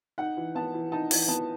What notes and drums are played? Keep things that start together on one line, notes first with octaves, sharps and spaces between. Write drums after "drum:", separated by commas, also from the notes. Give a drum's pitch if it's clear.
D#4 F#5
E3
B3 A5
E3
D#4 A5
E3, drum: open hi-hat
B3 A5